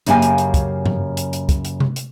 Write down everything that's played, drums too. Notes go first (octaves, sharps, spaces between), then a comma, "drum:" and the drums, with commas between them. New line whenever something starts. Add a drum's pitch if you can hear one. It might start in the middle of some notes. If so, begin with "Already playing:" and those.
F#2 C#3 A#3 G4 F5 G#5, drum: hi-hat
drum: hi-hat
drum: hi-hat
drum: kick, hi-hat
drum: tom G2
drum: hi-hat
drum: hi-hat
drum: kick, hi-hat
drum: hi-hat
drum: tom C3
drum: hi-hat